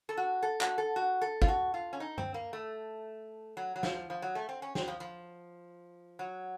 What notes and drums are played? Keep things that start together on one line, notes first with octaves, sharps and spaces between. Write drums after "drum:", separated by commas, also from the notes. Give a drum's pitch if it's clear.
A4
F#4
A4
F#4, drum: clap
A4
F#4
A4
F4, drum: kick
F#4
F4
C#4
D#4
C4, drum: tom G2
A#3
A3
F#3
F#3
F3, drum: snare
F3
F#3
A3
C4
C#4
C4, drum: snare
F3
F3
F#3